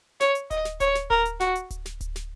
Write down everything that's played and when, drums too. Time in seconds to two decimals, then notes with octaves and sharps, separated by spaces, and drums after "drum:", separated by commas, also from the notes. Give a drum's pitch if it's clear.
0.20 C#5, drum: snare
0.35 drum: hi-hat
0.51 D#5, drum: kick D1, hi-hat
0.65 drum: snare
0.80 C#5, drum: kick D1, hi-hat
0.95 drum: snare
1.10 A#4, drum: kick D1
1.25 drum: hi-hat
1.40 F#4, drum: snare
1.55 drum: hi-hat
1.70 drum: kick D1, hi-hat
1.86 drum: snare
2.01 drum: kick D1, hi-hat
2.16 drum: snare